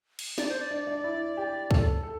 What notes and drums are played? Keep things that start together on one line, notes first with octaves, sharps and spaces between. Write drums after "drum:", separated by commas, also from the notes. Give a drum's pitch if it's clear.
drum: cymbal
D4 D5, drum: snare
C5
D5
D4
D4
E4
G4
A4, drum: kick
A4